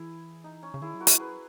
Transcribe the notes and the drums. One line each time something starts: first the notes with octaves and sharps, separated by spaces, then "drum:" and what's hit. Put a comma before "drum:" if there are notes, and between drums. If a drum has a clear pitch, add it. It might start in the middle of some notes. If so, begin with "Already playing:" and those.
Already playing: E3 E4 G#4
D#4
C#4
C#3
D#3 E4 G#4
F#3
F#4 A#4
G#3, drum: hi-hat
F#3 G#4 B4